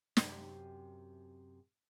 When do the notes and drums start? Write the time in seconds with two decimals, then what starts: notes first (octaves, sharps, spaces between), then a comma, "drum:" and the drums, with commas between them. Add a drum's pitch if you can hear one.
0.17 F#2 C3, drum: snare